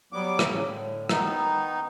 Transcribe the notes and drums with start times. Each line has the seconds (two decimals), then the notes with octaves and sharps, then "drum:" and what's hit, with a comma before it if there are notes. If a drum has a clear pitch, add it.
0.13 F#3 G3 B3 D6
0.39 drum: rim click
0.49 A2 C#3 F#3
0.66 A2 D3
1.09 D#3 B3 D#4, drum: rim click